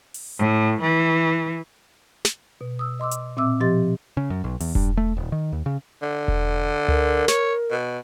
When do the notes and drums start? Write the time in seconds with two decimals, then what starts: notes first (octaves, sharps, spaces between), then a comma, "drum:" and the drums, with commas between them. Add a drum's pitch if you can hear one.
0.14 drum: open hi-hat
0.38 A2
0.82 E3
2.25 drum: snare
2.61 B2
2.79 D#6 E6
2.99 D#5 C6 D6 E6
3.11 drum: hi-hat
3.37 A#2 C4 E5 D6 E6
3.60 B2 F3 G4 D#5 C6 A6
4.17 C#3
4.30 F#2
4.44 B1
4.60 E2, drum: open hi-hat
4.75 G2, drum: kick E1
4.97 A3
5.17 D#1
5.32 D#3
5.52 D#2
5.66 C#3
6.02 D3
6.28 drum: kick E1
6.88 A#4, drum: tom C#2
7.28 C#5, drum: snare
7.70 B2